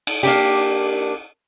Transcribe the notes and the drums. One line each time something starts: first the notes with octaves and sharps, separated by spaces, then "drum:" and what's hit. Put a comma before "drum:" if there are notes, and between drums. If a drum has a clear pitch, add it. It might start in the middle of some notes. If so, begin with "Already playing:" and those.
drum: cymbal
A#3 D4 G4